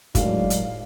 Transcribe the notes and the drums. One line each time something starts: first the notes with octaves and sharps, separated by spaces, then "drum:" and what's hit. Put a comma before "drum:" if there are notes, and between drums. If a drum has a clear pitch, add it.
D#2 A2 F#3 G#3 D4 F5, drum: kick G1, hi-hat
drum: hi-hat